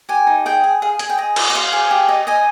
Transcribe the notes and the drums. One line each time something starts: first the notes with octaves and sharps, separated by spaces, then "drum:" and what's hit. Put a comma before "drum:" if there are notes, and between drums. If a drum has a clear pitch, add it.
G4 G#5
D#4
G#4 G5
G#4
G#4 F5
G#4 G#5, drum: hi-hat
G5
G#4 D#5
C5, drum: cymbal
D#5
C5 F5
G#4
G4
D#5
D#5 G#5